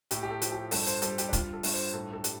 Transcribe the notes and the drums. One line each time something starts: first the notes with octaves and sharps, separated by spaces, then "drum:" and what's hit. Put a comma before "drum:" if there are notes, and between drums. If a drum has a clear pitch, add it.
A2 G4, drum: hi-hat
G4
A4
F3, drum: hi-hat
G4
G2 A4, drum: open hi-hat
C5, drum: hi-hat
G3 A4, drum: hi-hat
G4, drum: hi-hat
D4
G3 F4, drum: kick, hi-hat
A4
G2, drum: open hi-hat
C5
A2 A4
A4
G3, drum: hi-hat